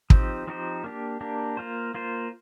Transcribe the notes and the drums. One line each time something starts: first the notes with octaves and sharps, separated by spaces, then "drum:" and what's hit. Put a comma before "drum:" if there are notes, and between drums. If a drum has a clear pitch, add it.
F3 C4 D#4 G4 C5, drum: kick
F3 C4 D#4 G4 C5
A#3 D4 G4
A#3 D4 G4
A#3 F4 C5
A#3 F4 C5